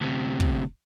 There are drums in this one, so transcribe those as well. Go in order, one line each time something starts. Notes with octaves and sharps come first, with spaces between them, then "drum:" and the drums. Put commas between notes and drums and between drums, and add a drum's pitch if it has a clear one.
D2 C3
drum: kick